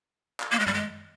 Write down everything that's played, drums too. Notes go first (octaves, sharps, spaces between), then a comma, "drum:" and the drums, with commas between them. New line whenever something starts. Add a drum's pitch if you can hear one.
drum: clap
A#3
G#3
G3, drum: tom
G#3